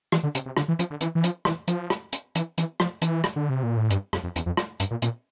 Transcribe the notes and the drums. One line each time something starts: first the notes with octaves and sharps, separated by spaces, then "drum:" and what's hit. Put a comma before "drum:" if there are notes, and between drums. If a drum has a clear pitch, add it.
E3, drum: rim click
D3
C3, drum: hi-hat
C3
D3, drum: rim click
E3
F3, drum: hi-hat
D3
E3, drum: hi-hat
E3
F3, drum: hi-hat
E3, drum: rim click
F3, drum: hi-hat
drum: rim click
drum: hi-hat
E3, drum: hi-hat
E3, drum: hi-hat
F3, drum: rim click
E3, drum: hi-hat
drum: rim click
D3
C3
A#2
A2
G2, drum: hi-hat
F2, drum: rim click
F2
E2, drum: hi-hat
F2
drum: rim click
G2, drum: hi-hat
A#2
A#2, drum: hi-hat